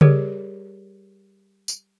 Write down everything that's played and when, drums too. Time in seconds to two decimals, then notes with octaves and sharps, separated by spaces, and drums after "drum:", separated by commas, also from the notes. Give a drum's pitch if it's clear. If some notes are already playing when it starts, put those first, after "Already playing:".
0.01 G3 G4 G#4 A#4 C#5, drum: tom C#3
1.68 drum: tambourine